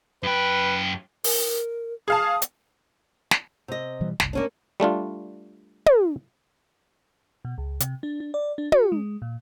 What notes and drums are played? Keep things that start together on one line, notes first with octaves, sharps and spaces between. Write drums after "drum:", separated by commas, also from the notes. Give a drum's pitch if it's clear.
F#2 B4 G5
A#4, drum: open hi-hat
G#4 F5 A5 D#6
drum: hi-hat
drum: snare
C3 D#5
B2 E3 G3
F#1 C2, drum: snare
A#3 C#4 D4
G3 A3 D4 F4
drum: tom
B2
C#2
C3, drum: hi-hat
D4
D4
D5
D4
F#4, drum: tom
G#3
A#2